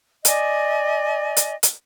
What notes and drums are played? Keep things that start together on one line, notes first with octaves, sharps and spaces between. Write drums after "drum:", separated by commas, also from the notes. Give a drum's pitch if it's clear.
D5 D#5 G#5, drum: hi-hat
drum: hi-hat
drum: hi-hat